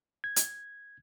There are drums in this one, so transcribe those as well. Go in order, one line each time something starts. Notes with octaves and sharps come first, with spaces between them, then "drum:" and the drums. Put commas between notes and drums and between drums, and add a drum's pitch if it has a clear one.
G#6
drum: hi-hat